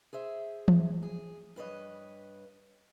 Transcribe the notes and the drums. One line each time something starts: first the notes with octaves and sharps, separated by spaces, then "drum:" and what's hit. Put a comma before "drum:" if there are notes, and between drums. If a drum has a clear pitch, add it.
G#4 C5 E5
drum: tom E3
G#4
G2 B4 C#5 D#5